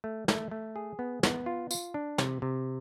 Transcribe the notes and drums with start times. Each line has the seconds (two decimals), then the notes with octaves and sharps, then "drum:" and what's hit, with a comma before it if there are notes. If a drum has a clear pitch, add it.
0.04 A3
0.28 A3, drum: snare
0.51 A3
0.76 G#4
0.99 B3
1.23 B3, drum: snare
1.46 F4
1.71 F4, drum: tambourine
1.94 D4
2.18 C3, drum: snare
2.42 C3